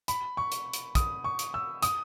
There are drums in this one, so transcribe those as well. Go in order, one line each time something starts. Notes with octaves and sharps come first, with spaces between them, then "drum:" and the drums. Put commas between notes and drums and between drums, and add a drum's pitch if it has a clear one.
B5, drum: hi-hat
C#6
drum: hi-hat
drum: hi-hat
D#6, drum: kick, hi-hat
C#6
drum: hi-hat
E6
D#6, drum: hi-hat